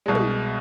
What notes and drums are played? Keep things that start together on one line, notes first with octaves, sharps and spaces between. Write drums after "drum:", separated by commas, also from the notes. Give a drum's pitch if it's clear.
C2 B2 G#3
drum: tom